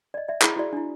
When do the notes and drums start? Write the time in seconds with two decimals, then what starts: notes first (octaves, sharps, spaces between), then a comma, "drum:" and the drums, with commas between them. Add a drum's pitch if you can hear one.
0.14 D5 D#5
0.28 D5 E5
0.42 E4 G#4 B5, drum: clap
0.56 E4 F#4 D5
0.73 D4 E4